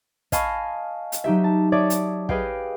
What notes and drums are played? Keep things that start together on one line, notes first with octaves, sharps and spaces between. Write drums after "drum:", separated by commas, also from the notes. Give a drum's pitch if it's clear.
D#5 F5 G#5 A5 B5 C#6, drum: kick, hi-hat
drum: hi-hat
F#3 D#4 G4 E5
A5
C#5 D5 E5 A5 D6 D#6
drum: hi-hat
G4 G#4 B4 D#5 F5 G5, drum: kick